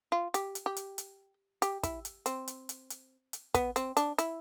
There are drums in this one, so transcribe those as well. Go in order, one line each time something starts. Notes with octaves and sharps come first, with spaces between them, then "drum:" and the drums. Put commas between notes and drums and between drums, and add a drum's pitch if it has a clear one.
F4
G4, drum: hi-hat
drum: hi-hat
G4
drum: hi-hat
drum: hi-hat
G4, drum: hi-hat
E4, drum: kick, hi-hat
drum: hi-hat
C4, drum: hi-hat
drum: hi-hat
drum: hi-hat
drum: hi-hat
drum: hi-hat
B3, drum: kick, hi-hat
C4, drum: hi-hat
D4, drum: hi-hat
E4, drum: hi-hat